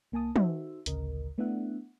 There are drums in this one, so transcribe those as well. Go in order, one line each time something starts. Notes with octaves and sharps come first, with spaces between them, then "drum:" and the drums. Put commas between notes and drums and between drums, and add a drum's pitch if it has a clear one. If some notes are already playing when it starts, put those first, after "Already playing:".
C2 A#3 G#5 A5 D#6
D#4 F#4 A4 C5 E5, drum: tom
A1 D2 C#3 A#4 D#5, drum: hi-hat
A3 B3 D4 E4 E5 F#5